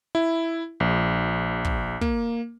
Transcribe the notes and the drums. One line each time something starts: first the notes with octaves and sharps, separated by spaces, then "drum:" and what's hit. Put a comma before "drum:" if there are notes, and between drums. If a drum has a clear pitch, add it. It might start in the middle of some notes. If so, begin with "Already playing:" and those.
E4
A#1
drum: kick
A#3, drum: kick